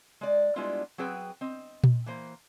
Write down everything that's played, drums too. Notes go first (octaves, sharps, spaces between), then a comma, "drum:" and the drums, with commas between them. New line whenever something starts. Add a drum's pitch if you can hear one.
G#3 D5
G3 G#3 B3 D4 E4 F4
F#3 C4 G#4 B4 G5
C4 D#5
drum: tom A#2
E3 A#3 C5